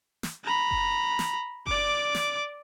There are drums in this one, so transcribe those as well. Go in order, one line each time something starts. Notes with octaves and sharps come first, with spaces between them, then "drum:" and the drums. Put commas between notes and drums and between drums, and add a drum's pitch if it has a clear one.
drum: snare
A#5 B5
drum: kick F#1
drum: snare
D5 D6, drum: kick F#1
drum: snare